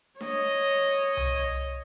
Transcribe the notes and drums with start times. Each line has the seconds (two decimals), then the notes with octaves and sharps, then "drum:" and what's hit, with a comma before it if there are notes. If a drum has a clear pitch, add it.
0.21 C#5 D#5, drum: snare D4
1.17 drum: tom C2